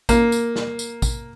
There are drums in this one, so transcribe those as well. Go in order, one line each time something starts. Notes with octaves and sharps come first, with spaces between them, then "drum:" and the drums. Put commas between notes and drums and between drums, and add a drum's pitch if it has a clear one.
A#3, drum: kick A1, tambourine
drum: tambourine
drum: snare
drum: tambourine
drum: kick A1, tambourine